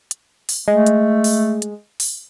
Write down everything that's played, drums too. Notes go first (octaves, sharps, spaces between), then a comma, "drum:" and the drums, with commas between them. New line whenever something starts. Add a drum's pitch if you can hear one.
drum: hi-hat
drum: open hi-hat
G#3 A3
drum: hi-hat
drum: open hi-hat
drum: hi-hat
drum: open hi-hat